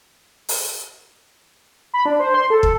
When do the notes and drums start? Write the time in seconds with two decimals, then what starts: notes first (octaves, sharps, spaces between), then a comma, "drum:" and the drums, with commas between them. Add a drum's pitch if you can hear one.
0.49 drum: open hi-hat
1.94 B5
2.05 D4
2.19 C5
2.34 C6
2.50 A4
2.63 A4, drum: kick